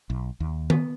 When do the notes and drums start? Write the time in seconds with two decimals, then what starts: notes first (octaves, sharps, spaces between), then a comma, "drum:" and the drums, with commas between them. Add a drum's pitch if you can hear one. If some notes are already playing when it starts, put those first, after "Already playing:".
0.10 B1
0.40 D#2
0.70 B3, drum: tom D#3